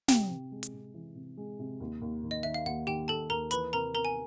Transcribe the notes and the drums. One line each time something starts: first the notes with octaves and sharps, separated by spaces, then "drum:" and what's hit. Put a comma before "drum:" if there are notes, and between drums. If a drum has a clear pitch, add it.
C3 G4 G5, drum: snare
C3
G#3
drum: hi-hat
C3
E3
C3
G#3
C3
D#2
D#2
D#3
D#5
D#3 E5
F5
D#2 F#5
D#3 G4 G5
D#2 A4 A5
D#2 A#4 A#5
E3 B4 B5, drum: hi-hat
C3 A#4 A#5
B3 A#4 A#5
G#5